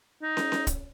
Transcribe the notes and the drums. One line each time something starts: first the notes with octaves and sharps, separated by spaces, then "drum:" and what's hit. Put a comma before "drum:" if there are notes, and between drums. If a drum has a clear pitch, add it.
D#4
drum: snare
drum: snare
drum: kick, hi-hat